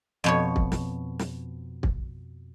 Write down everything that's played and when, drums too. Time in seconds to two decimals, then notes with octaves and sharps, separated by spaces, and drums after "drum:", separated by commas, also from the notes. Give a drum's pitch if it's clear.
0.24 F2 B2 C#5
0.56 drum: kick
0.72 drum: snare
1.19 drum: snare
1.83 drum: kick